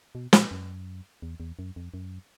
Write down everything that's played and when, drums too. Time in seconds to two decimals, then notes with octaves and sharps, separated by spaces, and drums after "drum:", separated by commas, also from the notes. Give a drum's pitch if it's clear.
0.15 B2
0.33 A#2, drum: snare
0.51 F#2
1.22 E2
1.40 E2
1.59 F#2
1.76 F2
1.94 F#2